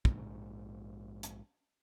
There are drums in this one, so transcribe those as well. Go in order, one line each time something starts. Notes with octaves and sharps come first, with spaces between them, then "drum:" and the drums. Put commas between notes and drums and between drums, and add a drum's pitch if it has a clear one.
A#1 G#2, drum: kick
drum: hi-hat